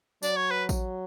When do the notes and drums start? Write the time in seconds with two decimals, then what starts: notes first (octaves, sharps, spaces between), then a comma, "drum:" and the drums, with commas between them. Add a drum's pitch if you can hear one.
0.23 F#3 D5, drum: tambourine
0.36 C#5
0.51 B4
0.69 drum: kick A1, tambourine